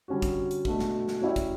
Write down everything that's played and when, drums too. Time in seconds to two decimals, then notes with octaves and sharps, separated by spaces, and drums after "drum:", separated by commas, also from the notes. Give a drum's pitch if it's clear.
0.08 D3 G3 C#4 F#4
0.22 drum: kick, hi-hat
0.51 drum: hi-hat
0.65 B2 A3 D4 F#4, drum: kick
0.79 drum: snare
1.08 drum: snare
1.21 F#3 C#4 E4 G4 D5
1.36 drum: kick, hi-hat